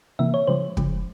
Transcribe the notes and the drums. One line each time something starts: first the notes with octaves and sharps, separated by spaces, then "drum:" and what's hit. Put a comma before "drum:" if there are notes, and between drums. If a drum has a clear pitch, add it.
C3 E3 A#3 E5
C#5
C#3 F3 G#3 C5
C#3 F3 G#3, drum: kick